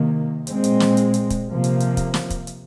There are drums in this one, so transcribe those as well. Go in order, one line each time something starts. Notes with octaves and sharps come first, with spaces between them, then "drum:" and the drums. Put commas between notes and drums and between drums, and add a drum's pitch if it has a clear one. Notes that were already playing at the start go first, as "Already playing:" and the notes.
Already playing: C3 D#3 A#3
A#2 G#3 C4, drum: hi-hat
drum: hi-hat
drum: snare
drum: hi-hat
drum: hi-hat
drum: kick, hi-hat
C3 F3 A#3
drum: hi-hat
drum: hi-hat
drum: kick, hi-hat
drum: snare
drum: kick, hi-hat
drum: hi-hat